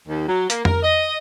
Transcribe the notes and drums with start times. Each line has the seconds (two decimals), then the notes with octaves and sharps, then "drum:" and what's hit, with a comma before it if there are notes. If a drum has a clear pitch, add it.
0.08 D#2
0.28 F#3
0.50 A#3, drum: hi-hat
0.65 A#4, drum: tom F2
0.83 D#5